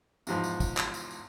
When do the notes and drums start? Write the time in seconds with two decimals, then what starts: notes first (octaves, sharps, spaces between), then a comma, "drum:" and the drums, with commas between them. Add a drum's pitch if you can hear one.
0.27 E2 G#2 F3, drum: tambourine
0.44 drum: tambourine
0.60 drum: kick, tambourine
0.77 drum: clap
0.94 drum: tambourine
1.11 drum: tambourine